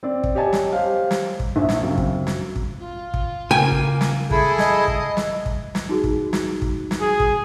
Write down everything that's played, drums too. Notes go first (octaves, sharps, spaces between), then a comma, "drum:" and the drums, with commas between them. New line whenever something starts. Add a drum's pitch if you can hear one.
C4 D5
drum: kick
G4 C#5 D#5 G#5 A5
drum: snare
G4 C5 F5
drum: snare
drum: kick
A#1 E5
drum: snare
F#2 C#3 C4
drum: kick
drum: snare
drum: kick
F4
drum: kick
C#3 A#3 G5 G#5
drum: kick
drum: snare
E4 G#4 A4 B5, drum: kick
D#5, drum: snare
drum: kick
drum: snare
drum: kick
drum: snare
D#4 F#4 G#4
drum: kick
drum: snare
drum: kick
drum: snare
G#4
drum: kick